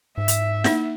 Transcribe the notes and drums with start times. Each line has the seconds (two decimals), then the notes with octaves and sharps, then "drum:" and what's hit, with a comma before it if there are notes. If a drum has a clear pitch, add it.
0.18 G#2 E5
0.28 drum: hi-hat
0.64 A#3 D#4, drum: snare